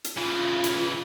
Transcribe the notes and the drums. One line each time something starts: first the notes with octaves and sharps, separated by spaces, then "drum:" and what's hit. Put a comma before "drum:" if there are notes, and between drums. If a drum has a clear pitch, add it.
drum: hi-hat
C#3 E3 F4
drum: hi-hat